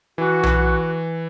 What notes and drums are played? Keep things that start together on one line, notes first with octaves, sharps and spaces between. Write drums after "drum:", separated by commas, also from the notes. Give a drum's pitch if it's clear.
E3 F#4
E3, drum: tom B1